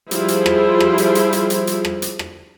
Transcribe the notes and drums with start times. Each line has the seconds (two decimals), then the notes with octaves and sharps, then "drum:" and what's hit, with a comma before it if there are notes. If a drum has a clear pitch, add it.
0.11 F3 G3 E4 F4 G#4 C5, drum: hi-hat
0.28 drum: hi-hat
0.46 drum: rim click
0.80 drum: rim click
0.98 drum: hi-hat
1.15 drum: hi-hat
1.33 drum: hi-hat
1.50 drum: hi-hat
1.67 drum: hi-hat
1.85 drum: rim click
2.02 drum: hi-hat
2.19 drum: rim click